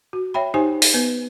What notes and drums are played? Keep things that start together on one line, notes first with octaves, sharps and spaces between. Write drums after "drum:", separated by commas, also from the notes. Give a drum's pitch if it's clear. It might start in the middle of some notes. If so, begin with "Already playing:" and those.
F#4
C#5 E5 G5 B5
D#4 G4 C5 G#5
drum: open hi-hat
B3 B4